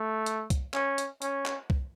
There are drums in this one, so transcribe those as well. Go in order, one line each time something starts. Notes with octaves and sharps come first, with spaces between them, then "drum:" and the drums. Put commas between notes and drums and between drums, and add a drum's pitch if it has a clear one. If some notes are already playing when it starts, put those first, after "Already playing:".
Already playing: A3
drum: hi-hat
drum: kick C2, hi-hat
C#4, drum: clap
drum: hi-hat
C#4, drum: hi-hat
drum: clap
drum: kick C2